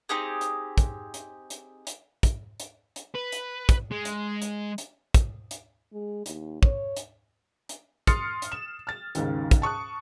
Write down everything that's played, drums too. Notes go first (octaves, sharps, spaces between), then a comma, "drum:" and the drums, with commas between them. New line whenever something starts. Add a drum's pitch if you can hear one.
C4 D#4 G4 G#4
drum: hi-hat
drum: kick, hi-hat
drum: hi-hat
drum: hi-hat
drum: hi-hat
drum: kick, hi-hat
drum: hi-hat
drum: hi-hat
B4
drum: hi-hat
drum: kick, hi-hat
G#3
drum: hi-hat
drum: hi-hat
drum: hi-hat
drum: kick, hi-hat
drum: hi-hat
G#3
D#2, drum: hi-hat
C#5, drum: kick
drum: hi-hat
drum: hi-hat
C6 D#6 F6 A6 C7 C#7, drum: kick, hi-hat
drum: hi-hat
E7
F6 A6
D#2 G#2 C#3, drum: hi-hat
drum: kick, hi-hat
A5 C#6 D#6 F#6